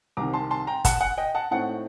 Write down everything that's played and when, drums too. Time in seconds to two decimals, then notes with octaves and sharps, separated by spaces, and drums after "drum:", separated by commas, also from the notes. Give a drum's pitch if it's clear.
0.17 C2 C3 D#3 A#5 D6
0.33 A5 C6
0.51 A5 C6
0.67 G5 A#5
0.85 F#5 A5, drum: kick, hi-hat
1.01 F#5
1.18 D#5 G5
1.35 F#5 A5
1.51 A2 A3 C4 D#4 F#5 A5